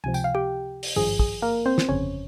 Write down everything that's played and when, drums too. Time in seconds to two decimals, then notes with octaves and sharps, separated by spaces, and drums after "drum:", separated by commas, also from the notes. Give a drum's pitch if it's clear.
0.04 C#2 C3 F3 G#5
0.14 G5, drum: tambourine
0.24 F5
0.35 G4 G5
0.83 drum: open hi-hat
0.96 G#1 G2 F3 G#4
1.19 G#4, drum: kick
1.42 A#3 A#4
1.66 C4 C5
1.78 drum: snare
1.89 G1 F2 C#3 C#4 C#5